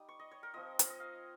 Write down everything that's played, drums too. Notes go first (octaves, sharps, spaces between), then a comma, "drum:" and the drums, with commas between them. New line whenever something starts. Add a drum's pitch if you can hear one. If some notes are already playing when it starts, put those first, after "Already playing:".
Already playing: G3 D#4 D#6
C#6
D#5
C#5
A#4
F3 C4 F4 D#5
C#5, drum: hi-hat
D#5
F5